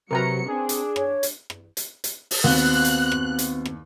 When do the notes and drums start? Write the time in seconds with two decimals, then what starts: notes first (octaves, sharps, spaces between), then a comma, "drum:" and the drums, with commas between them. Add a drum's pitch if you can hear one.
0.11 C3 F#3 F#4 A#4 B4 A#5 C#7
0.48 C4 D4 G#4
0.69 drum: hi-hat
0.96 C#5, drum: rim click
1.23 drum: hi-hat
1.50 drum: rim click
1.77 drum: hi-hat
2.04 drum: hi-hat
2.31 drum: open hi-hat
2.44 D#2 B3 C4 F#4 F#6
2.85 drum: hi-hat
3.12 drum: rim click
3.39 drum: hi-hat
3.66 drum: rim click